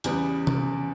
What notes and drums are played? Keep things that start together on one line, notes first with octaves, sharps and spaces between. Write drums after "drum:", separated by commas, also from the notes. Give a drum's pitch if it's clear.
E2 C#3 G3 B3, drum: hi-hat
drum: tom C3